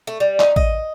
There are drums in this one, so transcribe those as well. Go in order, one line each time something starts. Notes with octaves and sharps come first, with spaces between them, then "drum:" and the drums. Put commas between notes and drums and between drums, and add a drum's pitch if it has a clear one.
A3
G3
D#4, drum: clap
D#5, drum: kick